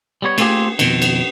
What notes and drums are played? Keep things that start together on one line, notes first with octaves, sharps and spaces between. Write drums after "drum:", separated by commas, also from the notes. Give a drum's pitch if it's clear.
G3 B3 C#5
A3 A#3 C4 F4 G4 G#4, drum: cymbal
F2 B2 D#3, drum: cymbal
drum: cymbal